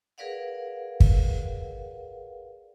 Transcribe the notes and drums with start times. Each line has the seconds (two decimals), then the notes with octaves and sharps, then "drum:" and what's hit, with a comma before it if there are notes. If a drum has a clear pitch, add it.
0.18 G#4 A#4 B4 D5 F5 F#5
1.00 drum: kick